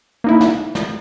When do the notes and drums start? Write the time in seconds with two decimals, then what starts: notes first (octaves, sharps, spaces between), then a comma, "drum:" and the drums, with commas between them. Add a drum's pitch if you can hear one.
0.24 A#3 D#4 E4
0.41 drum: snare
0.75 drum: snare